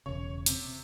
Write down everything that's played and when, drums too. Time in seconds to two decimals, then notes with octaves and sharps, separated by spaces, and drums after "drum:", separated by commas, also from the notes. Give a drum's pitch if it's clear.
0.06 E1 C#3 C#5
0.46 C3, drum: hi-hat